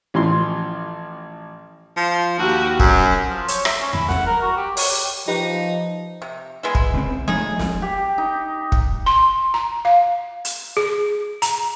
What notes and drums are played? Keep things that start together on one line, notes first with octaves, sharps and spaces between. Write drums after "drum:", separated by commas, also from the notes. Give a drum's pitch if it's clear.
A1 E3 F3 E4 C6
F3
D#2 F#4 G4
F#2 F#3, drum: kick
F3
C#5, drum: hi-hat
E5, drum: rim click
C#4
E4, drum: tom E2
F#5, drum: snare
A#4
F#4
G4
C#5, drum: open hi-hat
G4
F3 D#4 G4 B4
C3
G#3 B3 E4
drum: kick
C#2 C4
F3 G#3 A3 D#4 G#4
drum: snare
G4
D#4
drum: kick
C6
A#5
F5
drum: hi-hat
G#4
A#5, drum: hi-hat